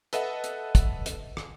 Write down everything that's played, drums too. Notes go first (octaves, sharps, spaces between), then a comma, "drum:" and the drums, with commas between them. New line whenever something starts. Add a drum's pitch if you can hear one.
A4 B4 D#5 E5 F#5, drum: hi-hat
drum: hi-hat
drum: kick, hi-hat
drum: hi-hat
drum: rim click